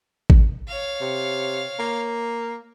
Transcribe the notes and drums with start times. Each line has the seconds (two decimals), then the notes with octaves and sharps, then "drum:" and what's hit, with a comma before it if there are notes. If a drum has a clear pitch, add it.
0.30 drum: kick A1
0.68 C#5 F5
1.01 C3
1.79 A#3